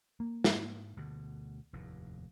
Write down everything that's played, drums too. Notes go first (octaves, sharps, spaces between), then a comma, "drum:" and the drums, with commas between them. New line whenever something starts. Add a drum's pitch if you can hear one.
A#3
G#2, drum: snare
D2 B2 D3
F1 D#2 A2